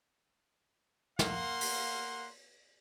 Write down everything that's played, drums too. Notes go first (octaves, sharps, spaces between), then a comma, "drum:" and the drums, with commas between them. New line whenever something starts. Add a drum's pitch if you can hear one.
A#3 F5 F#5 C6, drum: snare
drum: open hi-hat